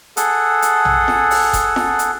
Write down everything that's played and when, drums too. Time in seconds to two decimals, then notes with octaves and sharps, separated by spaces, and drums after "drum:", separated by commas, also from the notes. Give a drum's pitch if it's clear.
0.17 G#4 A4 F#5, drum: hi-hat
0.62 drum: hi-hat
0.85 drum: tom
1.08 drum: snare F4
1.31 drum: open hi-hat
1.53 drum: kick F1, hi-hat
1.76 drum: snare F4
1.99 drum: hi-hat